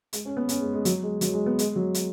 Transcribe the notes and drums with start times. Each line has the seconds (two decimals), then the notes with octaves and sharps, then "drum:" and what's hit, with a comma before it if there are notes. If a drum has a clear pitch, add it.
0.13 G#3, drum: hi-hat
0.25 C#4
0.37 B3
0.49 C#4, drum: hi-hat
0.61 G#3
0.73 G#3
0.85 F#3, drum: hi-hat
1.03 G#3
1.21 F#3, drum: hi-hat
1.34 G#3
1.46 B3
1.59 G#3, drum: hi-hat
1.76 F#3
1.94 drum: hi-hat